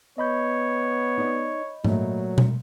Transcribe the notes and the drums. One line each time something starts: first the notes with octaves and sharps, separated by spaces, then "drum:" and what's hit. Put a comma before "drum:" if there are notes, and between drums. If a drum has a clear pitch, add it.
B3 C#5 D#5 B5 G6
D#4 D5
A#2 F#3 A3 E5, drum: tom G#2
drum: tom B2